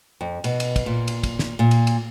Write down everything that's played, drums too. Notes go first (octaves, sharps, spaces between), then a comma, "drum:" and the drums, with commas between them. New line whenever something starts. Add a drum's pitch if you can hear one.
F2
B2, drum: cymbal
drum: cymbal
drum: kick, cymbal
A#2
drum: cymbal
drum: kick, cymbal
drum: snare
A#2
drum: cymbal
drum: cymbal